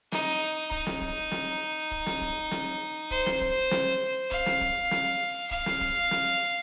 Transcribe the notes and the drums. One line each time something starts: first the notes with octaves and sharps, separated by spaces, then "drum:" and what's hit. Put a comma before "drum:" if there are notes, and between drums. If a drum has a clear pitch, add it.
D#4, drum: snare
D#4, drum: kick
drum: snare
drum: kick
drum: snare
drum: kick
drum: snare
drum: kick
drum: snare
C5, drum: kick
drum: snare
drum: kick
drum: snare
F5, drum: kick
drum: snare
drum: kick
drum: snare
F5, drum: kick
drum: snare
drum: kick
drum: snare